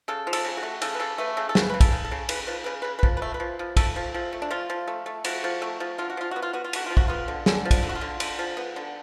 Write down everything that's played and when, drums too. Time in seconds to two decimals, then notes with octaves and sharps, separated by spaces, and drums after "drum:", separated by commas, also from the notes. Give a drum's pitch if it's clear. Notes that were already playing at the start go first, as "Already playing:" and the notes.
0.08 C#3 A4
0.27 F3
0.33 A4, drum: cymbal
0.45 C#3
0.57 F#4
0.63 A3
0.82 C#3 A4, drum: cymbal
0.94 B4
1.00 C#3 A4
1.18 A3 B4
1.37 C#3 A4
1.49 A4
1.55 C#3 B4, drum: snare
1.69 C#3 B4
1.81 A4, drum: kick, cymbal
1.92 C#3
2.04 A4
2.11 C#3
2.29 C#3 B4, drum: cymbal
2.47 F3 B4
2.64 C#3 B4
2.82 C#3 B4
2.99 B4
3.03 F3, drum: kick
3.17 B4
3.22 A3
3.34 B4
3.40 F3
3.59 F3
3.77 A3 A4, drum: kick, cymbal
3.96 F3
4.14 F3
4.33 A3
4.42 D4
4.51 F3 F4
4.70 F3
4.88 A3
5.06 A3
5.24 F3 F#4, drum: cymbal
5.44 F3
5.62 A3
5.80 F3
5.98 D3 F4
6.10 F#4
6.17 F3 F4
6.31 B3 F#4
6.42 F4
6.53 B3 F#4
6.64 F4
6.73 D3 F#4, drum: cymbal
6.86 F3 F4
6.97 F#4, drum: kick
7.08 B3 F4
7.28 D3
7.46 D3 C#4, drum: snare
7.65 F3
7.71 D4, drum: kick, cymbal
7.83 D3
7.89 F#4
7.95 F4
8.01 D3
8.20 D3, drum: cymbal
8.39 F3
8.57 B3
8.76 D3